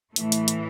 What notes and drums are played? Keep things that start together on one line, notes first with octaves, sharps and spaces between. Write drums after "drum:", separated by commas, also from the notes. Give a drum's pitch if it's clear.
A2 E3 A3, drum: hi-hat
drum: hi-hat
drum: hi-hat